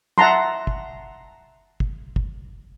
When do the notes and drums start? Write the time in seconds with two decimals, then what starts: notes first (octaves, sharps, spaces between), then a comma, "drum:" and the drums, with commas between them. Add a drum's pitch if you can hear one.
0.18 E5 F#5 A5 A#5 C6, drum: tom F#3
0.67 drum: kick
1.80 drum: kick
2.16 drum: kick